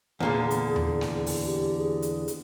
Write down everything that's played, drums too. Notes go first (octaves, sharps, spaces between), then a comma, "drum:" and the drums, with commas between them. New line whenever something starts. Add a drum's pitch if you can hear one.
E2 A#2 D3 G#4
drum: hi-hat
drum: tom D#2
drum: snare
drum: open hi-hat
G4
G#4
drum: hi-hat
drum: hi-hat